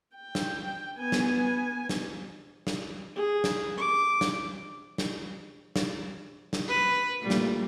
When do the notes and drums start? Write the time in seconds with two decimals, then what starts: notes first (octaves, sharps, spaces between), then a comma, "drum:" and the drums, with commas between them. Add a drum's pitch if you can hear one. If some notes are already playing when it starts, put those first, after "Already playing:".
0.16 G5
0.35 drum: snare
0.99 B3 G#5
1.12 drum: snare
1.89 drum: snare
2.67 drum: snare
3.16 G#4
3.44 drum: snare
3.77 D6
4.21 drum: snare
4.98 drum: snare
5.76 drum: snare
6.53 drum: snare
6.68 B4
7.19 A#2 G3 A3
7.30 drum: snare